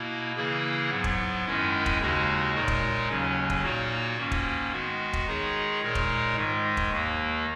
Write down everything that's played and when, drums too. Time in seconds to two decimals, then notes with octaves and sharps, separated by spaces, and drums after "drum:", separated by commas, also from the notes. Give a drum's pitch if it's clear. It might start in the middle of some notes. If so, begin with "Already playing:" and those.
Already playing: B2 A#3 E4
0.36 C#3 E3 A#3 E4 G#4
0.91 G#2 F#3 B3
1.04 drum: kick E1
1.45 F#2 D#3 G#3 C#4 E4
1.86 drum: kick E1
2.00 D#2 C#3 G#3 D#4 F#4
2.54 A#2 G#3 D#4 A#4 C#5
2.68 drum: kick E1
3.09 D#2 C#3 F#3 C#4
3.50 drum: kick E1
3.63 A#2 A#3 D#4 F#4 C#5
4.18 G#2 D#3 A#3 C#4
4.32 drum: kick E1
4.72 D#3 G#3 B3 F#4
5.13 drum: kick E1
5.27 D#3 G#3 D#4 G#4 C#5
5.82 A#2 G#3 D#4 A#4 C#5
5.95 drum: kick E1
6.36 G#2 D#3 G#3
6.77 drum: kick E1
6.90 D#2 D#3 A#3